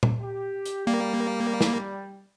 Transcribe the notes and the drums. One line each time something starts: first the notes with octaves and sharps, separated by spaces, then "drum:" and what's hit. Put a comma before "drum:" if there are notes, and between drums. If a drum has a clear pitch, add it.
drum: tom
G4
drum: hi-hat
G3 A#3
drum: snare